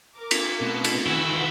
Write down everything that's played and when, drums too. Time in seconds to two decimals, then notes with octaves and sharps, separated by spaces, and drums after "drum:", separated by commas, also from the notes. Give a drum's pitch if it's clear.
0.18 A#4 D6
0.31 drum: cymbal
0.61 B2 A3 C4 C#4
0.84 drum: cymbal
1.06 D#3 E3 E4 F#4 F#5 E6